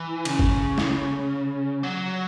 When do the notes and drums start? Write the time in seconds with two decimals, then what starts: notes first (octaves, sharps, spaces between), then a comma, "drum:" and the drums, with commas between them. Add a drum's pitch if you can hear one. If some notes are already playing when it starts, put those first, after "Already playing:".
Already playing: E3
0.25 C#3, drum: cymbal
0.39 drum: kick G1
0.78 drum: snare
1.83 F#3